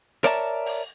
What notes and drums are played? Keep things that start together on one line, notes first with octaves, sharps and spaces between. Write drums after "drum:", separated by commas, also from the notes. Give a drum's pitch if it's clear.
A#4 C#5 D5 E5 A5 A#5, drum: snare
drum: open hi-hat